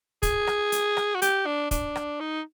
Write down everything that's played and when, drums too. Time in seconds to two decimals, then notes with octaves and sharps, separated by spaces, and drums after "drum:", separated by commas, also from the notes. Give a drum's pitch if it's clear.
0.23 G#4, drum: kick, hi-hat
0.47 drum: rim click
0.72 drum: hi-hat
0.97 drum: rim click
1.15 F#4
1.22 G4, drum: hi-hat
1.46 D4
1.71 D4, drum: kick, hi-hat
1.96 drum: rim click
2.20 D#4